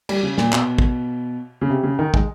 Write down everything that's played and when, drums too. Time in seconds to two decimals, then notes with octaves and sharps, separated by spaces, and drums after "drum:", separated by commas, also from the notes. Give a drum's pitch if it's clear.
0.09 G3, drum: cymbal
0.23 C#3
0.38 A#2, drum: snare
0.53 B2, drum: clap
0.78 drum: kick
1.61 C#3
1.70 C3
1.83 C#3
1.99 D#3
2.14 G#3, drum: kick